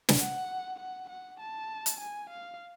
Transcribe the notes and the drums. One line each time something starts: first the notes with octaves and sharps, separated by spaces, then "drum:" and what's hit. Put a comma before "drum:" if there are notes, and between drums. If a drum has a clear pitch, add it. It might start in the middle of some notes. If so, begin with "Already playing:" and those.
drum: snare
F#5
F#5
F#5
A5
drum: hi-hat
G#5
F5